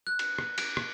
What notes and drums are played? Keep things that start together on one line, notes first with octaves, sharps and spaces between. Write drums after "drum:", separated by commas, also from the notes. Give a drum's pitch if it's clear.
F#6
drum: cymbal
drum: rim click
D7, drum: cymbal
drum: rim click